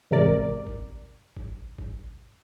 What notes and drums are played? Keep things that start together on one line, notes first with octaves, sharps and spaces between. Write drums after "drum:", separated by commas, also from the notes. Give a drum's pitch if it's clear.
E2 G#2 C3 A#4 D5
drum: kick G#1
drum: kick G#1
drum: kick G#1
drum: kick G#1